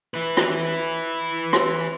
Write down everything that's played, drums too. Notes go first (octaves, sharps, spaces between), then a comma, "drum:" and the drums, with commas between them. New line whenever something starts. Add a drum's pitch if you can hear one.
E4 B4
drum: rim click
drum: rim click